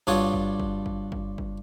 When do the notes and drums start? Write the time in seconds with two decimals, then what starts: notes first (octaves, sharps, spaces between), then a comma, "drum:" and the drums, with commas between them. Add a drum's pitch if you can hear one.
0.07 G2 D4 F4 F#4 C#5 D#6, drum: kick
0.33 drum: kick
0.60 drum: kick
0.86 drum: kick
1.12 drum: kick
1.38 drum: kick